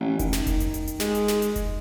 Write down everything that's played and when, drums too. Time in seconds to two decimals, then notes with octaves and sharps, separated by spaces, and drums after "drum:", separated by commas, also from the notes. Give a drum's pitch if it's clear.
0.01 A1
0.19 D#3, drum: kick F1, hi-hat
0.33 drum: snare
0.47 drum: kick F1, hi-hat
0.60 drum: hi-hat
0.74 drum: hi-hat
0.87 drum: hi-hat
1.00 G#3, drum: snare
1.15 drum: hi-hat
1.28 drum: snare
1.42 drum: hi-hat
1.56 drum: kick F1, hi-hat